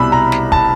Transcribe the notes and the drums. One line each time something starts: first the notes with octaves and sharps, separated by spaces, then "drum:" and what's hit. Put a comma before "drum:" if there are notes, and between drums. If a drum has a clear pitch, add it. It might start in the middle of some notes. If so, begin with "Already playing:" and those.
Already playing: C2 B2 G3 B5 E6
A#5
drum: snare
A5, drum: kick